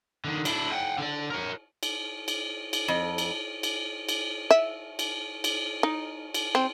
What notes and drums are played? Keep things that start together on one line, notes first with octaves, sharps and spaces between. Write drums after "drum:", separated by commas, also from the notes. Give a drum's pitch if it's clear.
D3 D#3
D4 E4, drum: cymbal
F#5 G5
D3 D5
A#4 C#5
drum: cymbal
drum: cymbal
drum: cymbal
F2
drum: cymbal
drum: cymbal
drum: cymbal
E5
drum: cymbal
drum: cymbal
D#4
drum: cymbal
C4